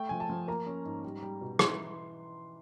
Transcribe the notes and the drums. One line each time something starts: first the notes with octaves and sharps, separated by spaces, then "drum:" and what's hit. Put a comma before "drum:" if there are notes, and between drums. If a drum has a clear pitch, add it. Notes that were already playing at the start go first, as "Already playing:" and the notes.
Already playing: A3 G5
F3 G#5
A5
F3
A#3 A#5
C#4
G#2
G3
G3
B2
E3 C6, drum: rim click